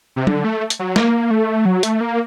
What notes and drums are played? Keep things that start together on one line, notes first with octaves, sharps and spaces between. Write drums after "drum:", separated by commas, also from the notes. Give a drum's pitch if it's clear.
C3
D3, drum: tom F#3
A3
drum: hi-hat
F#3
A#3, drum: snare
A3
F#3
A3, drum: hi-hat
A#3